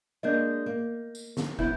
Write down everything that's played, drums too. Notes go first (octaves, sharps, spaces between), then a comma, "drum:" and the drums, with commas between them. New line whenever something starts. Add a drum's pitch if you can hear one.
G#3 A#3 D4 D#5 G6
A#3
drum: tambourine
drum: snare
F#3 B3 E4 G6, drum: kick